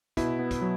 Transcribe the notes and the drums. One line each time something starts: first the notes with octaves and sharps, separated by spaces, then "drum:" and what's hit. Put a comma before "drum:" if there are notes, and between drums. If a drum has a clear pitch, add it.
B2 E4, drum: kick, hi-hat
B3
drum: kick, hi-hat
F#3